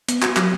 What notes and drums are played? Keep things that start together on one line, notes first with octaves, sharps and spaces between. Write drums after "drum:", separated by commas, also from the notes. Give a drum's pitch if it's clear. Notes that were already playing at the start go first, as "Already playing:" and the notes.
B3, drum: hi-hat
F#4, drum: clap
F#3, drum: clap